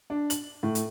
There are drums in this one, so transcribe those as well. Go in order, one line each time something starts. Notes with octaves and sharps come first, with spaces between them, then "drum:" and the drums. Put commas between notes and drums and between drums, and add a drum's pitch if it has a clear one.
D4
F#7, drum: hi-hat
A2
drum: hi-hat